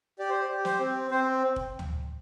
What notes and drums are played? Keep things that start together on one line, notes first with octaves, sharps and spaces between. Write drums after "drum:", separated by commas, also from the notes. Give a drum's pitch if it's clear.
G4 D5
C5
D5
G4
C5, drum: snare
C4
C4 C5
drum: kick F1
drum: tom